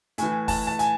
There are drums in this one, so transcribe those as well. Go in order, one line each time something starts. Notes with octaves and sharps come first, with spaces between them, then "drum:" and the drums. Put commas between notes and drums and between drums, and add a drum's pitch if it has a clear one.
A2 E3 G#5, drum: hi-hat
A5, drum: kick, open hi-hat
A5
G#5, drum: hi-hat